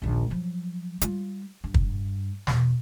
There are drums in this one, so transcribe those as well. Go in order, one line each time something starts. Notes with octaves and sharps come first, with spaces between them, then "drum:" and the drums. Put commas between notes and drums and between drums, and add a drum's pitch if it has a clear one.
A#1 D#2
F3 F#3
G3 F4, drum: hi-hat
G2
drum: kick
E2 B2, drum: snare